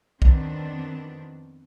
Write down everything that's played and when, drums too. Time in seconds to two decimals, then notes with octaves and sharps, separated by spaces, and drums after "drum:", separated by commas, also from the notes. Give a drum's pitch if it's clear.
0.22 F2 D#3 B3 C4 D4, drum: kick